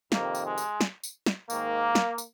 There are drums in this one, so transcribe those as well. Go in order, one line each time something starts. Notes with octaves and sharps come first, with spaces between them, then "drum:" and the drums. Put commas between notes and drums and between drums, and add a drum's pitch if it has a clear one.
F2 C3 D#3 A#3, drum: snare
drum: tambourine
G#3
drum: tambourine
drum: snare
drum: tambourine
drum: snare
G#2 D#3 A#3, drum: tambourine
drum: snare
drum: tambourine